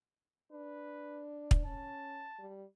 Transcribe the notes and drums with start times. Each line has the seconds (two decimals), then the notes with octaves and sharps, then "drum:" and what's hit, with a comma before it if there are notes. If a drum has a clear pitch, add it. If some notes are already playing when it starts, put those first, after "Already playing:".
0.52 D4 B4
1.51 drum: kick
1.66 C#4 A5
2.39 G3